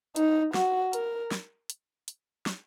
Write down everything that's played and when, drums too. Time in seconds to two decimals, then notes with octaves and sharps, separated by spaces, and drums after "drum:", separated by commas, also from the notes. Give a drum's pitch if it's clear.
0.16 D#4, drum: hi-hat
0.54 F#4, drum: snare
0.93 A#4, drum: hi-hat
1.31 drum: snare
1.70 drum: hi-hat
2.08 drum: hi-hat
2.46 drum: snare